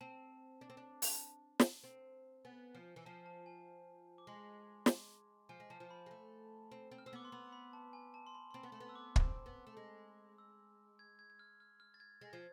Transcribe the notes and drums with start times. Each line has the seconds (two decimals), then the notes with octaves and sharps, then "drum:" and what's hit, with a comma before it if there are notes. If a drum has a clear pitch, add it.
0.01 C4 A5
0.61 D4
0.70 C4
0.77 D4
1.02 drum: open hi-hat
1.60 drum: snare
1.84 C4
2.45 B3 G#5
2.75 F3
2.96 E3 G#5
3.06 F3 A5
3.26 A5
3.46 G#5
4.18 D6
4.27 G#3 C6
4.86 drum: snare
5.49 F3 G#5
5.60 G#3
5.70 F3 A5
5.80 F3
5.91 B5
6.06 G#3
6.11 A3
6.72 C4
6.91 C4
6.98 F6
7.06 C4 E6
7.13 B3 D6
7.25 C6
7.32 B3 B5
7.52 B5
7.73 A5
7.93 G#5
8.14 A5
8.27 C6
8.34 B5
8.51 C6
8.54 C4 B5
8.63 B3
8.72 A3
8.76 C6
8.80 B3
8.89 E6
8.95 D6
9.16 C4, drum: kick
9.46 B3
9.67 A3
9.77 G#3
10.38 E6
10.99 G#6
11.19 G#6
11.30 G#6
11.39 F6
11.60 F6
11.80 F6
11.94 A6
12.00 G#6
12.21 G#3 A6
12.33 F3 G#6